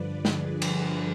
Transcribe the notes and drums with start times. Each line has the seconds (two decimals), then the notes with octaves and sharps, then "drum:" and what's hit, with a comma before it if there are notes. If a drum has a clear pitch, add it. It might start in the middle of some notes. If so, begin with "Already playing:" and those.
Already playing: G2 D3 F3 B4 D5
0.25 G#4, drum: snare
0.62 drum: cymbal